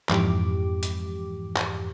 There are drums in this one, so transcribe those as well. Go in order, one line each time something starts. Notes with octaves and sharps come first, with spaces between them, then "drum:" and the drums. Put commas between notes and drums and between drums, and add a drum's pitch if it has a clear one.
F2 G#2 E3 G4 D6, drum: clap
drum: hi-hat
drum: clap